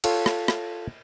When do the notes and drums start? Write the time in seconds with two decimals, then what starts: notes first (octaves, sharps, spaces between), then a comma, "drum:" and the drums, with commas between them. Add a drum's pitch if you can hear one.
0.04 F4 A4 C#5 F5 G5, drum: cymbal
0.26 drum: rim click
0.48 drum: rim click